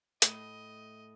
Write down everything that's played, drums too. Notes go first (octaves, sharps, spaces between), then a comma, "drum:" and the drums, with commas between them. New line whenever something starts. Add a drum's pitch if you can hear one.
A2 D#5, drum: hi-hat